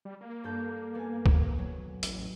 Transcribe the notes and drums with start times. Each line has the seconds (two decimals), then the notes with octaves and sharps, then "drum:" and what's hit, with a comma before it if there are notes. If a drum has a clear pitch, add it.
0.05 G3
0.21 A#3
0.44 G2 A4 G6
0.95 B3 G#5
1.26 drum: kick
1.58 F#3
2.03 A1, drum: hi-hat